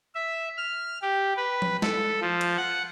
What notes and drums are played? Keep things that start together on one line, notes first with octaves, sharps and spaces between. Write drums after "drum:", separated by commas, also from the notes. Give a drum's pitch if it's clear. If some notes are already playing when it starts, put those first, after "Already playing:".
E5
F6
G4
B4
drum: tom F3
A4, drum: snare
F3
drum: cymbal
F#5